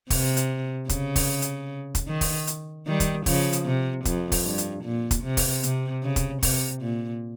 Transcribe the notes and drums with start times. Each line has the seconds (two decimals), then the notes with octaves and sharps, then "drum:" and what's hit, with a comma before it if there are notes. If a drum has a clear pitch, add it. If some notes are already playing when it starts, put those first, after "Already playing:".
0.10 C3, drum: kick, open hi-hat
0.37 drum: hi-hat
0.89 C#3, drum: kick, hi-hat
1.16 drum: kick, open hi-hat
1.42 drum: hi-hat
1.95 drum: kick, hi-hat
2.08 D#3
2.21 drum: kick, open hi-hat
2.47 drum: hi-hat
2.87 D#3 G3
3.00 drum: kick, hi-hat
3.26 C#3 F3, drum: kick, open hi-hat
3.53 drum: hi-hat
3.66 C3
4.05 F2, drum: kick, hi-hat
4.32 drum: kick, open hi-hat
4.45 G2
4.58 drum: hi-hat
4.84 A#2
5.11 drum: kick, hi-hat
5.23 C3
5.37 drum: kick, open hi-hat
5.63 C3, drum: hi-hat
6.03 C#3
6.16 drum: kick, hi-hat
6.43 C3, drum: kick, open hi-hat
6.82 A#2